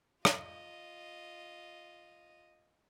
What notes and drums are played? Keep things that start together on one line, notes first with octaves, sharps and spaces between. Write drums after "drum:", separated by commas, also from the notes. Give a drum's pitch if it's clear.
F4 D#5, drum: rim click